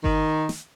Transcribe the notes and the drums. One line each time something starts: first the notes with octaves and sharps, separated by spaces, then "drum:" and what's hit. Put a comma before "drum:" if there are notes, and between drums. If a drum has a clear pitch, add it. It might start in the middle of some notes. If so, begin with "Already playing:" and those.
D#3, drum: kick G1
drum: snare